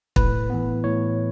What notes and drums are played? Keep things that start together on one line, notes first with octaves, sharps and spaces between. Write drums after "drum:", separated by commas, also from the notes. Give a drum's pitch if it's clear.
A2 B4, drum: kick
E3 B3
A2 C#5